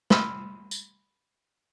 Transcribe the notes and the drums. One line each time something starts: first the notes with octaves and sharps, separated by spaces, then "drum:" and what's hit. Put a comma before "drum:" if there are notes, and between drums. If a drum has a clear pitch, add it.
B5 C6 E6 F6, drum: snare
drum: tambourine